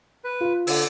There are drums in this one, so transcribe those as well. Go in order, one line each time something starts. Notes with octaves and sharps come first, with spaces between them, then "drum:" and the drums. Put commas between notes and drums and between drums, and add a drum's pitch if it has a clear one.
B4
F4
D3 E6, drum: open hi-hat